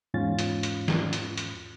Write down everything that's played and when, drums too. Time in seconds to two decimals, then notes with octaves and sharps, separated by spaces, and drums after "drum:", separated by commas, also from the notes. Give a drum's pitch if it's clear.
0.14 E2 G#2 C#4 F4 A6
0.39 drum: hi-hat
0.63 drum: hi-hat
0.88 drum: snare
1.13 drum: hi-hat
1.37 drum: hi-hat